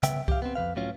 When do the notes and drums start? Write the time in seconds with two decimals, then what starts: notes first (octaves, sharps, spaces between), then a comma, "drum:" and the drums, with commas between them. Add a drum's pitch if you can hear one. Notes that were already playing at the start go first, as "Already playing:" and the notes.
0.03 C2 C#3 B3 E5 G5, drum: hi-hat
0.28 G4 F5, drum: kick C2
0.42 B3 C4
0.55 F2 C#3 B4 F5
0.76 A2 F#3 C#4 F4